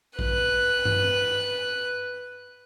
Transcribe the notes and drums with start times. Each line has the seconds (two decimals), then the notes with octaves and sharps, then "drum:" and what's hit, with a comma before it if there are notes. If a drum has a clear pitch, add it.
0.19 B4 F#6, drum: kick A#1
0.85 drum: tom G2